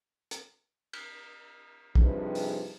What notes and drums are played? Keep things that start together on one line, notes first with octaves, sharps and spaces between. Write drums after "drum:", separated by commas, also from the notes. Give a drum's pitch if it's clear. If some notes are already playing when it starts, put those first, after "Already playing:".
drum: hi-hat
drum: cymbal
G2 C3 F3 D#4 G#4 B4, drum: kick
drum: open hi-hat